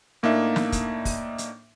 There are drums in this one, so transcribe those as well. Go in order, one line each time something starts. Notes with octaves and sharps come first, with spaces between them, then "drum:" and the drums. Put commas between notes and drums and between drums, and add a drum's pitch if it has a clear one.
A2 A#3 D4 D#4 E5
drum: snare
drum: kick, hi-hat
drum: kick, open hi-hat
drum: hi-hat